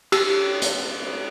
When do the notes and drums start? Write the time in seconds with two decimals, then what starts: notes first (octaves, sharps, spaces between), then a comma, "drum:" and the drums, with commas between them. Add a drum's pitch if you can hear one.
0.12 G4, drum: cymbal
0.62 drum: hi-hat